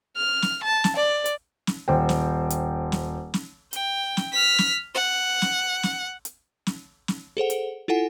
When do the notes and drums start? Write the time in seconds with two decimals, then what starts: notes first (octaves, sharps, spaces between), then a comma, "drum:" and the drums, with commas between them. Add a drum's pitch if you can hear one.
0.17 F6
0.42 drum: snare
0.63 A5
0.84 drum: snare
0.96 D5
1.26 drum: hi-hat
1.67 drum: snare
1.88 D#1 C5 G5
2.09 drum: snare
2.50 drum: hi-hat
2.92 drum: snare
3.34 drum: snare
3.73 G5, drum: hi-hat
4.17 drum: snare
4.32 F6 B6
4.58 drum: snare
4.94 F#5
5.42 drum: snare
5.83 drum: snare
6.25 drum: hi-hat
6.67 drum: snare
7.08 drum: snare
7.37 G#4 A4 C5 F#5
7.50 drum: hi-hat
7.88 E4 F4 A4 F#5 G#5